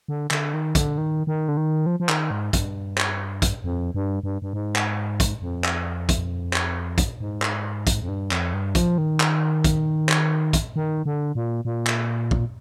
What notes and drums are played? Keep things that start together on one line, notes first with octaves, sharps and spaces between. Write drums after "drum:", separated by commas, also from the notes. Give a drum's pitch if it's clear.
D3
D3, drum: clap
D#3
D3, drum: kick, hi-hat
D#3
D#3
D3
D#3
F3
F3
D#3, drum: clap
G#2
G2, drum: kick, hi-hat
drum: clap
drum: kick, hi-hat
F2
G2
G2
G2
G#2
drum: clap
drum: kick, hi-hat
F2
drum: clap
drum: kick, hi-hat
drum: clap
drum: kick, hi-hat
G#2
drum: clap
drum: kick, hi-hat
F2
G2
F2, drum: clap
G2
F3, drum: kick, hi-hat
D#3
drum: clap
drum: kick, hi-hat
drum: clap
drum: kick, hi-hat
D#3
D3
A#2
A#2
drum: clap
drum: kick